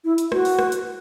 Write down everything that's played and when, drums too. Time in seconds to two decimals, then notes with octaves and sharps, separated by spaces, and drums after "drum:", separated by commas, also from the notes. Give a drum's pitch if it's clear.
0.04 E4
0.18 drum: hi-hat
0.32 F#4, drum: rim click
0.45 drum: open hi-hat
0.59 drum: rim click
0.72 drum: hi-hat